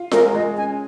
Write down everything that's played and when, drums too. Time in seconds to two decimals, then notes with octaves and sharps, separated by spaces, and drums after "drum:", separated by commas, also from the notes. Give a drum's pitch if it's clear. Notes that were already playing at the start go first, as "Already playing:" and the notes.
Already playing: F4
0.11 G#3 A#4, drum: snare F4
0.35 G#3 D#5
0.57 C#4 G#5